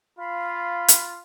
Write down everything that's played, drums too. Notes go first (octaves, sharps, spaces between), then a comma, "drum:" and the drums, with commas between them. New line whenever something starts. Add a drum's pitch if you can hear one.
F4 F5 B5
drum: hi-hat